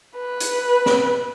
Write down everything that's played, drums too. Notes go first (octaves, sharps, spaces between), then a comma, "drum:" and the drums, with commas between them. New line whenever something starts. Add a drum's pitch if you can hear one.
B4
drum: hi-hat
drum: snare